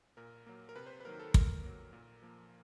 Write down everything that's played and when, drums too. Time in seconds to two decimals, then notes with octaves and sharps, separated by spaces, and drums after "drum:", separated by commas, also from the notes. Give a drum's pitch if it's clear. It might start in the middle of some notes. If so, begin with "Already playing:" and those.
0.17 A#2 A#4
0.46 F#3 A#3
0.69 A#4
0.76 C3 B4
0.86 C5
0.90 B4
1.00 B4
1.05 D#3 F#3 A#3 A#4
1.20 A4
1.34 A#2 A#4, drum: kick
1.63 F#3 A#3
1.93 A#2
2.22 F3 A#3